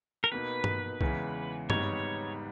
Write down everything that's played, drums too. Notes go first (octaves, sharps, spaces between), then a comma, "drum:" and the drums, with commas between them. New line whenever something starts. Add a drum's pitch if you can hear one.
A#4
B2 A#3 D#4 B4
drum: tom G2
E2 C#3 E3 G#3, drum: kick C2
G#1 G#2 G3 B3 D#4 C#5, drum: tom G2